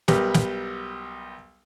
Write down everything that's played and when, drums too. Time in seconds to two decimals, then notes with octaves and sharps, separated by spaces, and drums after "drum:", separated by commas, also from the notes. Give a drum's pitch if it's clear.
0.08 B1 G3 G4 A#4 B4, drum: snare
0.34 drum: snare